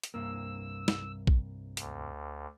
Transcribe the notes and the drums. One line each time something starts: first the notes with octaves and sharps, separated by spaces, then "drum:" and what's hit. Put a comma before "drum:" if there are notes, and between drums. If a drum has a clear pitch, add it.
drum: hi-hat
C2 G2 A#3 E6
drum: snare
drum: kick A#1
D2, drum: hi-hat